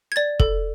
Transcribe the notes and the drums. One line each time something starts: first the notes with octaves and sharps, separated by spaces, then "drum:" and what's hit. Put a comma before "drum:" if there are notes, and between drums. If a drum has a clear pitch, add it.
G#6
D5 A6
A4, drum: kick